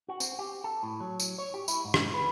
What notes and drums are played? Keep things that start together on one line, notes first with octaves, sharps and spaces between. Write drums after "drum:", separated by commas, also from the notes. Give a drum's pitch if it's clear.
F#4
C4, drum: tambourine
G4
A4
A2
F#3
drum: tambourine
C#5
G4
E4, drum: tambourine
G#2
drum: rim click
B4